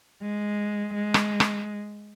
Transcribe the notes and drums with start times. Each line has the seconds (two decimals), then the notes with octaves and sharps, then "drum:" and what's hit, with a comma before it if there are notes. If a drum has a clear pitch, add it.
0.23 G#3
0.95 G#3
1.14 drum: rim click
1.40 drum: rim click